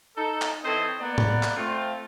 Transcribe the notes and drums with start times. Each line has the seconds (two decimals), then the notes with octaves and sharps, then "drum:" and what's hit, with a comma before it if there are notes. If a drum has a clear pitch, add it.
0.16 D#4 A4
0.42 drum: clap
0.64 E3 C4 A4 C5 C#5 D#5
1.00 A#3 B3 D5
1.18 drum: tom A2
1.43 drum: clap
1.56 A3 C4 F4